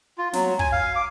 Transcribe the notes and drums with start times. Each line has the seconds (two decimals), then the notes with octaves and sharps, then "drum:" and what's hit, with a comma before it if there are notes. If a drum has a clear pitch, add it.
0.18 F4
0.33 F#3, drum: snare
0.59 G#5, drum: kick
0.72 F5
0.96 D6